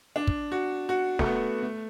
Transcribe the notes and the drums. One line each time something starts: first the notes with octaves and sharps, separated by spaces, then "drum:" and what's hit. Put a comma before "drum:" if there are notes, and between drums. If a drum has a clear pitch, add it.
D4
drum: kick
F#4
F#4
A3, drum: snare
B3
A3